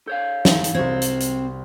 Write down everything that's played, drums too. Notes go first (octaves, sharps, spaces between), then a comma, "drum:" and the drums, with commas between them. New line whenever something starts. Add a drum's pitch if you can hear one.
A4 C#5 F5 G6
drum: snare
drum: hi-hat
C2 C4 F#4 G#6
drum: hi-hat
drum: hi-hat